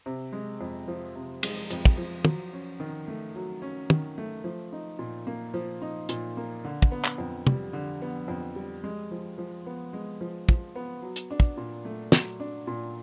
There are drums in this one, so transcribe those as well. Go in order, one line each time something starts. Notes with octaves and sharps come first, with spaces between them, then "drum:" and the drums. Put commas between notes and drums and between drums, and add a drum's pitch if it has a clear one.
C3
G#3
F2
F3
C3
G#3, drum: cymbal
F2, drum: hi-hat
drum: kick
F3
F#3, drum: tom
C#4
D#3
A3
F#3
C#4
D#3, drum: tom
A3
F3
D#4
A#2
A#3
F3
D#4
A#2, drum: hi-hat
A#3
D3
drum: kick
B3
drum: clap
F2
G3, drum: tom
D3
B3
F2
G3
G#3
F3
F3
B3
G#3
F3
F3, drum: kick
B3
F#3
drum: hi-hat
D4
drum: kick
A#2
A3
F#3, drum: snare
D4
A#2